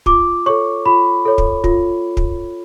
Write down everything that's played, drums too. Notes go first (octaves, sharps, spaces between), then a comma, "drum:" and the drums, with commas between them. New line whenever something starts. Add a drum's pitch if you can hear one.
F4 D6, drum: kick
A4 C#5 C#6
F4 B5
A4 C#5
drum: kick
F4, drum: kick
drum: kick